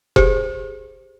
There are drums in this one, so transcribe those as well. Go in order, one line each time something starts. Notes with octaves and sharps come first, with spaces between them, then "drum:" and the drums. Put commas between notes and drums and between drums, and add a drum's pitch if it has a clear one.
G4 G#4 C5, drum: kick F1